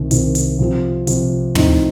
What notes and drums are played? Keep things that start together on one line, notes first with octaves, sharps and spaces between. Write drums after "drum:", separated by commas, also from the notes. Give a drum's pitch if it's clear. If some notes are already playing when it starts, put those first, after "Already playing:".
Already playing: C2 C3 D#3
C2 C3 D#3, drum: hi-hat
drum: hi-hat
C3 F3 C4 F4
C3 F3 C4 F4, drum: hi-hat
A2 F3 A3 C4 D#4, drum: tom